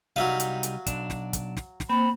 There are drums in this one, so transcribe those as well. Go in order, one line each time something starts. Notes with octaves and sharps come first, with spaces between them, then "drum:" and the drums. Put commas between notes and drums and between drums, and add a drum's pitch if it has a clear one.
C2 F#3 G3 D#4 E5 F5
drum: hi-hat
drum: hi-hat
B1 D4, drum: kick, hi-hat
drum: snare
drum: kick, hi-hat
drum: snare
drum: snare
A#3 C4 C5 B5